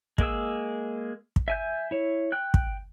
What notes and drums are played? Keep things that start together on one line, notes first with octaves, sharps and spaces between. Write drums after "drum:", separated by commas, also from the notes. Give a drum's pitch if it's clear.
G#3 A#3 G#4 E6, drum: kick
drum: kick
E5 G#5 G6
E4 C#5
G5 F#6
drum: kick